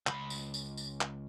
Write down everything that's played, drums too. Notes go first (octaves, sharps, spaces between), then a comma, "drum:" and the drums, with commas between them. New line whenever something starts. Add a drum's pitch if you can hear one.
C#2 B5, drum: clap
drum: tambourine
drum: tambourine
drum: tambourine
drum: clap